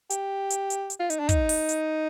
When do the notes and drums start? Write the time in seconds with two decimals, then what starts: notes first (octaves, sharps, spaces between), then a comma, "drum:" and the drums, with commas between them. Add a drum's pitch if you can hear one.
0.10 G4, drum: hi-hat
0.50 drum: hi-hat
0.70 drum: hi-hat
0.90 drum: hi-hat
0.99 F4
1.10 D#4, drum: hi-hat
1.19 D4
1.29 D#4, drum: kick, hi-hat
1.49 drum: open hi-hat
1.69 drum: hi-hat